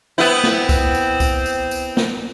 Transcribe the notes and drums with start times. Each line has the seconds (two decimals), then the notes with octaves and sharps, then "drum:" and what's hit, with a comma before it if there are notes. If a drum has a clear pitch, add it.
0.18 B3 C4 E4
0.44 drum: snare
0.69 drum: kick C2, tambourine
0.95 drum: tambourine
1.20 drum: kick C2, tambourine
1.46 drum: tambourine
1.71 drum: tambourine
1.97 drum: snare